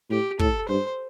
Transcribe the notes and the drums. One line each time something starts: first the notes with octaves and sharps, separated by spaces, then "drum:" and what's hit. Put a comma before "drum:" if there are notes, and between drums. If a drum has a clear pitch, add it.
A2 G4
A2 A4, drum: kick
G2 C5